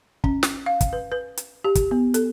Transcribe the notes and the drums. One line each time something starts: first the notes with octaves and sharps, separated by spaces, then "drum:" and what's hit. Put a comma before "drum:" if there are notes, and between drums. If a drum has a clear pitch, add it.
C#4, drum: kick
drum: snare
F5
drum: kick, hi-hat
B4
B4
drum: hi-hat
G4
drum: kick, hi-hat
B3
A4, drum: hi-hat